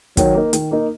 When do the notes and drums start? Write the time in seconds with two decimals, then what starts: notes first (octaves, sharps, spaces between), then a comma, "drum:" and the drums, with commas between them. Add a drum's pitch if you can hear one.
0.17 D#3 F#3, drum: kick, hi-hat
0.34 A#3 D#4
0.53 D#3, drum: hi-hat
0.71 A#3 D#4